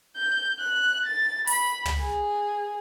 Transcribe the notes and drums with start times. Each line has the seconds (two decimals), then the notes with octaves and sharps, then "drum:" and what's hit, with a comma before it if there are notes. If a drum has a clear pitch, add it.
0.17 G6
0.60 F#6
1.05 A6
1.47 B5, drum: open hi-hat
1.85 drum: tom
2.01 G#4